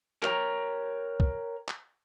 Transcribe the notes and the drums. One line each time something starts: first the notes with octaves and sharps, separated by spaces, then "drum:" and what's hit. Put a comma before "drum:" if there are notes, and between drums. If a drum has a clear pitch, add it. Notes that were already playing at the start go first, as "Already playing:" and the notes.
A#4 C#5 D#5 G5 A#5, drum: clap
drum: kick
drum: clap